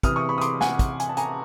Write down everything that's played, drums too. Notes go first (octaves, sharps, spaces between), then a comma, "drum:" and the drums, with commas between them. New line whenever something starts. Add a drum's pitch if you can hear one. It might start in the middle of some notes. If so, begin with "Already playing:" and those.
C3 E3 D#6 F6, drum: kick, hi-hat
C#6 D#6
B5 C#6
D#6
C6 D6, drum: hi-hat
F#5 G#5, drum: snare
drum: kick, hi-hat
G#5, drum: hi-hat
A5
G#5 A#5, drum: hi-hat